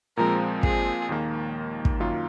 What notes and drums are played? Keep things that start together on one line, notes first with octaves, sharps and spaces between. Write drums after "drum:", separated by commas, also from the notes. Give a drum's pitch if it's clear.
A#2 F3 G#3 C4 A#4
G#4, drum: kick
D#2 D#3 A#3
drum: kick
F#2 D#3 A#3 F4